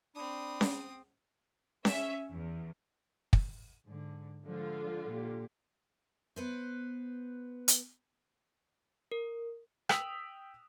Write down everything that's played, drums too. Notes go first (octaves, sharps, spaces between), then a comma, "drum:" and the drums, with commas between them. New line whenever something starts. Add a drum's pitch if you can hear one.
C4 D4 B5 D#6
drum: snare C#4
C#4 E5, drum: snare C#4
E2
drum: kick
G#2 D3
D3 F3 G#3 F4
A#2 G4
B3 B4 C5
drum: hi-hat
A#4
G5 D#6 E6 B6 F7 F#7, drum: rim click